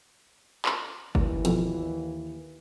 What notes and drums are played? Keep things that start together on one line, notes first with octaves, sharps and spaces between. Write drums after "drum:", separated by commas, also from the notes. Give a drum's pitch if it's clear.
drum: clap
D#2 E3, drum: kick G1
F2 B2, drum: hi-hat